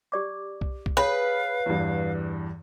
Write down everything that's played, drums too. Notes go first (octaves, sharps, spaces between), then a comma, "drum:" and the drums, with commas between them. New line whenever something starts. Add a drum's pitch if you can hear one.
G4 D5 D6
drum: kick B1
drum: kick B1
G#4 B4 C#5 F5
E2 G2